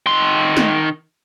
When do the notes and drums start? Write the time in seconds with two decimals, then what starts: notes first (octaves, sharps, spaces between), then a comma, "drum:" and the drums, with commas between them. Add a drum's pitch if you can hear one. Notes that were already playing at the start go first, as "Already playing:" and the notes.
0.06 D#3 C6
0.57 drum: snare